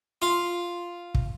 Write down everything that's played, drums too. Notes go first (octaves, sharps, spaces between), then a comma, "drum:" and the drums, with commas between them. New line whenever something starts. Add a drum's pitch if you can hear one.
F4
drum: kick